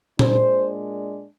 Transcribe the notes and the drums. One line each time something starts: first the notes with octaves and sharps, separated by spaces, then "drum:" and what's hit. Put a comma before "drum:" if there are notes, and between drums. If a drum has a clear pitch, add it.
A#2 G#3 D4 C5, drum: tom A#2